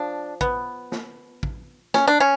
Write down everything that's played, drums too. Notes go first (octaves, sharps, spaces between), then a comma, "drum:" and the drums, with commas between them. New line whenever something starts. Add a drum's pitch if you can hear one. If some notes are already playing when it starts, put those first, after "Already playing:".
Already playing: F3 D4
B3, drum: kick
drum: snare
drum: kick
C#4, drum: snare
D4
C#4